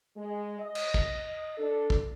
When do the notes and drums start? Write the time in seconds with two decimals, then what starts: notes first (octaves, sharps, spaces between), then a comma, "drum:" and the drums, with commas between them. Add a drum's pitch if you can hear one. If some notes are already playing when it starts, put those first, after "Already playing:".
0.16 G#3
0.60 D#5
0.75 drum: cymbal
0.94 drum: kick
1.58 D4 A4
1.90 drum: kick